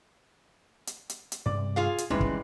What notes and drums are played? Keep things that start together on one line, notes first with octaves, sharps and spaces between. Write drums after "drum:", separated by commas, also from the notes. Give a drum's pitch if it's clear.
drum: hi-hat
drum: hi-hat
drum: hi-hat
G2 C3 G#3 D5
F4 G#4 F5
drum: hi-hat
D#1 C2 G#2 E3 G3 G#3 C#4
drum: kick